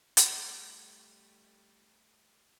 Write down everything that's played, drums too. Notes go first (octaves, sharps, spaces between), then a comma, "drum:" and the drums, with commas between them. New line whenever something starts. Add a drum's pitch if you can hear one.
G3 A3, drum: hi-hat